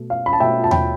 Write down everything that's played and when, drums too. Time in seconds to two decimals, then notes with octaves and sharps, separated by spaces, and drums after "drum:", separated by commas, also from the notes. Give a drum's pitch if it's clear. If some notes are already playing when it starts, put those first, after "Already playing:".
Already playing: B2 A3
0.10 F5
0.26 B5
0.33 A5
0.40 B2 A3 E5 G5
0.64 A5
0.71 G5 B5, drum: tom D#2